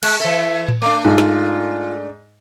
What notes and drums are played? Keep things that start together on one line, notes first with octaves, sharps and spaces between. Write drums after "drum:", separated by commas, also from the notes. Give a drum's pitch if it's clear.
G#3 F#6, drum: cymbal
E3 A4 E5
drum: tom A2
A3 D4 D6
G#2 F4
drum: snare